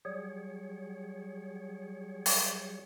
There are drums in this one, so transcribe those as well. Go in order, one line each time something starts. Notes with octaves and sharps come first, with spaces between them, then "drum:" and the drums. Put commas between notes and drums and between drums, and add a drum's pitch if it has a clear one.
F#3 G3 G#4 C#5
drum: open hi-hat